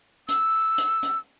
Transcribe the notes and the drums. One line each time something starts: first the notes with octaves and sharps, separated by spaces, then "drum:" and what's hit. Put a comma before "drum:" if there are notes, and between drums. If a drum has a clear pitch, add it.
E6, drum: hi-hat
drum: hi-hat
drum: hi-hat